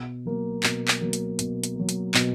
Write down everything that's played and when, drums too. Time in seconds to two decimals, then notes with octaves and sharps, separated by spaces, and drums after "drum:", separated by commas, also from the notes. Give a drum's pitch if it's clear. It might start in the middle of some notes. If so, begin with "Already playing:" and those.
Already playing: B2
0.25 F#3 A#3
0.63 B2, drum: clap
0.88 drum: clap
1.01 F#3 A#3
1.13 drum: hi-hat
1.39 B2, drum: hi-hat
1.64 drum: hi-hat
1.76 F#3 A#3
1.89 drum: hi-hat
2.14 B2, drum: clap